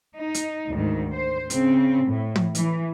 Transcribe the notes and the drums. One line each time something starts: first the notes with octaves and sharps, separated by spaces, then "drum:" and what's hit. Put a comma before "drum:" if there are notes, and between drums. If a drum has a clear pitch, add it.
D#4
drum: hi-hat
D2 G#2 D#3
C5
C#3 C4, drum: hi-hat
A2
drum: tom
E3, drum: hi-hat